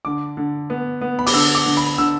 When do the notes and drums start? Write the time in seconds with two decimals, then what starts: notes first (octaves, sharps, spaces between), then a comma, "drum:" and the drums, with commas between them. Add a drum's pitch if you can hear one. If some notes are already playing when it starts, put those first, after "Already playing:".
0.05 D3 D6
0.37 D3
0.70 B3
1.01 B3
1.19 B5
1.26 D6, drum: open hi-hat
1.33 D3 E6
1.55 D6
1.66 D3
1.77 B5
1.98 D3 E6